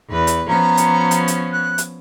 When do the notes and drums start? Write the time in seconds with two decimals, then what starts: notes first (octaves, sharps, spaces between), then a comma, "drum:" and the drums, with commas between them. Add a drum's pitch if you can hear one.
0.10 E2 B4
0.27 drum: hi-hat
0.48 F3 B3 C#4 A#5
0.77 drum: hi-hat
1.11 drum: hi-hat
1.28 drum: hi-hat
1.53 F#6
1.78 drum: hi-hat